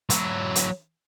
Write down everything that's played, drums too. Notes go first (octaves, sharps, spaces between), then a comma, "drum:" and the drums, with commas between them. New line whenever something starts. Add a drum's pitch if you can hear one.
F#3 E4, drum: hi-hat
drum: hi-hat